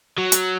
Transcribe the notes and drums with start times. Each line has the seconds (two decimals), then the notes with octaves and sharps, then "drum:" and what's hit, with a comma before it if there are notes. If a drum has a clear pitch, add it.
0.18 F#3
0.32 drum: hi-hat